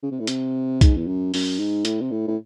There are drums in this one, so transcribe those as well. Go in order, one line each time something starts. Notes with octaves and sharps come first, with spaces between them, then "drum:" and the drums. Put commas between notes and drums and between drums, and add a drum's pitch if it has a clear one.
C#3
C3
A2
C3, drum: hi-hat
G#2, drum: kick, hi-hat
E2
F#2
F#2, drum: open hi-hat
G#2
A2, drum: hi-hat
C3
A2
A2